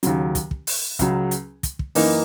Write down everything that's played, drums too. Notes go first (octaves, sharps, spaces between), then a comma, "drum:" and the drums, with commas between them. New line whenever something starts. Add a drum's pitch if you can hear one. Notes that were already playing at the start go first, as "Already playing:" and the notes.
D#2 C#3 F#3, drum: hi-hat
drum: kick, hi-hat
drum: kick
drum: open hi-hat
C#2 C#3 F#3, drum: kick, hi-hat
drum: hi-hat
drum: kick, hi-hat
drum: kick
F#2 E3 A#3 D#4, drum: open hi-hat